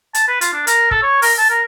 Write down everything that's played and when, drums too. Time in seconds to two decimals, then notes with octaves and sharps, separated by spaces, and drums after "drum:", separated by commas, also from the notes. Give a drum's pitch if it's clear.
0.15 A5, drum: hi-hat
0.28 B4
0.41 F4, drum: hi-hat
0.53 D4
0.67 A#4, drum: hi-hat
0.91 A4, drum: kick
1.03 C#5
1.22 A#4, drum: open hi-hat
1.38 A5
1.50 A#4